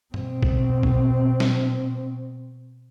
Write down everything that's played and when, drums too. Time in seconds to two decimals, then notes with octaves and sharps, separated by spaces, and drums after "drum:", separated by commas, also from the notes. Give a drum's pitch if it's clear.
0.14 B2 C4, drum: tom G2
0.43 drum: kick
0.83 drum: kick
1.40 drum: snare